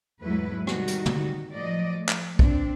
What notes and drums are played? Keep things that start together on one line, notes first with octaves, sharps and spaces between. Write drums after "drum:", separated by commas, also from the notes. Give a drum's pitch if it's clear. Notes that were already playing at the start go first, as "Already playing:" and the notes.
E2 G#2 F#3 A3 E4 B4
C3 D#3 G3 D#4 F#4, drum: rim click
drum: hi-hat
drum: tom
A2 F3 F#3 D5 D#5
A3
drum: clap
C4 D4, drum: kick B1